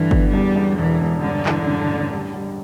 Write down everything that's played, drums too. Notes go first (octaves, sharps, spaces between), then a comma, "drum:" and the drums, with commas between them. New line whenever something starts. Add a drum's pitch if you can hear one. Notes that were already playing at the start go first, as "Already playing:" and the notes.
Already playing: G2 D3 E3 E4
B3, drum: kick G1
E2 G3
E2
E1 E3
E1
G2 D3
E3, drum: clap
G2
A1
G3
G3